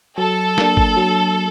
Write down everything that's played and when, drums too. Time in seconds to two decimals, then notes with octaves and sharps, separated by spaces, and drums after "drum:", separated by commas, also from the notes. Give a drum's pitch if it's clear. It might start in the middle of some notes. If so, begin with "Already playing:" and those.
0.18 F#3 A4
0.58 A#3 D4, drum: snare
0.77 drum: kick G1
0.97 F#3